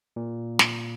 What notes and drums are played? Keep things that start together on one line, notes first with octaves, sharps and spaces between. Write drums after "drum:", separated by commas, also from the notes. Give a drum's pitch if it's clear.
A#2
drum: snare